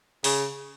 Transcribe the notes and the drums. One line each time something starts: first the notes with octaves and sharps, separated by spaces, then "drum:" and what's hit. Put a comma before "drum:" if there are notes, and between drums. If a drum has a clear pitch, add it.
C#3, drum: open hi-hat